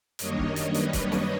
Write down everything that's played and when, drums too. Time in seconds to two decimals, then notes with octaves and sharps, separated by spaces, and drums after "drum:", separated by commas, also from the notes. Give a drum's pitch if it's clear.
0.19 F#2 D#3 G3 A#3 D4 C#5 D#5, drum: hi-hat
0.38 drum: kick C#1
0.56 drum: hi-hat
0.74 B4 C#5, drum: hi-hat
0.93 drum: kick C#1, hi-hat
1.12 drum: snare